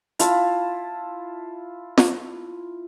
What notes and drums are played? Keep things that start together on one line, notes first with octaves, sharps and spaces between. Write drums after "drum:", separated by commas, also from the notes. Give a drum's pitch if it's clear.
E4 F4 A5, drum: hi-hat
drum: snare